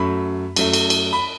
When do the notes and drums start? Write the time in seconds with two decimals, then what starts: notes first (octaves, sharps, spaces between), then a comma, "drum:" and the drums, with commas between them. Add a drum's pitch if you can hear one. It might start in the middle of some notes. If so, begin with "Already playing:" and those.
Already playing: F#2 F#3 A3 B5
0.56 F#2 F#3 A3, drum: cymbal
0.73 drum: cymbal
0.90 drum: cymbal
1.13 B5